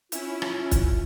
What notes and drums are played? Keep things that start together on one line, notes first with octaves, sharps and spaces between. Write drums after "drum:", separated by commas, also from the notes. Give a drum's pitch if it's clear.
C#4 E4 F4, drum: hi-hat
drum: rim click
drum: kick, hi-hat